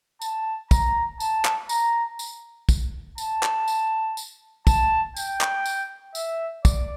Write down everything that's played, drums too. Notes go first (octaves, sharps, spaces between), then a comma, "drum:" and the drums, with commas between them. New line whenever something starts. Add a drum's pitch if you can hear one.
A5, drum: tambourine
A#5, drum: kick, tambourine
A5, drum: tambourine
drum: clap
A#5, drum: tambourine
drum: tambourine
drum: kick, tambourine
A5, drum: tambourine
drum: clap
drum: tambourine
drum: tambourine
A5, drum: kick, tambourine
G5, drum: tambourine
drum: clap
drum: tambourine
E5, drum: tambourine
D5, drum: kick, tambourine